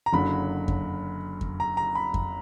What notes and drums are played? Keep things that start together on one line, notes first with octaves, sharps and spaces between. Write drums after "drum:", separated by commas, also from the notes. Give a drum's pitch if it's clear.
A#5
F#1 F#2 D3 F#3 B5
drum: kick F2
drum: kick F2
A#5
A#5
B5
drum: kick F2